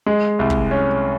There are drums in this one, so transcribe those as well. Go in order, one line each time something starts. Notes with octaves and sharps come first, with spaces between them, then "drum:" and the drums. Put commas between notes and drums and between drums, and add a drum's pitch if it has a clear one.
G#3
C2
drum: kick
C#4